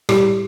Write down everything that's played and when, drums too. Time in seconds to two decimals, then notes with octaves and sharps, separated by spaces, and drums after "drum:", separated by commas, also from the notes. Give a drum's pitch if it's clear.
0.09 A2 G3 G4, drum: rim click